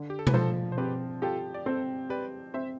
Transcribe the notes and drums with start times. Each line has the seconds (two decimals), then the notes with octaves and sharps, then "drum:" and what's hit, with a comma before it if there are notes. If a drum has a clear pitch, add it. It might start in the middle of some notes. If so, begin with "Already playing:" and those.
Already playing: D3
0.10 G4
0.19 A4
0.27 B4, drum: tom B2
0.34 F3 A4 C5
0.72 C5
0.78 C4 G4 B4
1.22 F4 G4 A4
1.54 D5
1.66 C4 A4 C5
2.09 G4 B4 D5
2.54 C4 C5 E5